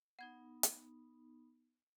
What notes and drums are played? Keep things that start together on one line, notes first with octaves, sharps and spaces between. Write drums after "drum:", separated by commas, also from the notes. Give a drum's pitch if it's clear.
B3 D#4 F#5 G#6
drum: hi-hat